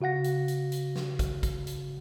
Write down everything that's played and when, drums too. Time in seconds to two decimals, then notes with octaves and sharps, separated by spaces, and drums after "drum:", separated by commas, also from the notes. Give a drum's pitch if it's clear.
0.01 C#3 F#4 F5 F#5 A#6
0.24 drum: hi-hat
0.48 drum: hi-hat
0.72 drum: hi-hat
0.96 drum: snare
1.19 drum: kick, hi-hat
1.43 drum: kick, hi-hat
1.67 drum: hi-hat